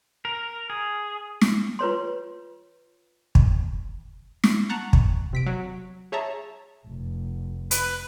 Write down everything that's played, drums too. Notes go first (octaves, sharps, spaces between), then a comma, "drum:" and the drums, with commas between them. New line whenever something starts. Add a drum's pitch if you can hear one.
A#4
G#4
drum: snare
F4 B4 C#5 C6
drum: kick
drum: snare
F#5 A5 A#5 C#6 F#6
drum: kick
C3 B6 D7
F#3
G#4 C#5 E5 A5 A#5
F1
B4, drum: hi-hat